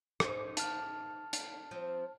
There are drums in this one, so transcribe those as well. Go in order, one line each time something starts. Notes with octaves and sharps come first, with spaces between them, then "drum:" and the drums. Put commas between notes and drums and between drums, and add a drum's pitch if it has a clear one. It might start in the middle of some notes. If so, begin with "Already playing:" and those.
D#4 C5, drum: rim click
A5 F6, drum: hi-hat
drum: hi-hat
F3 C4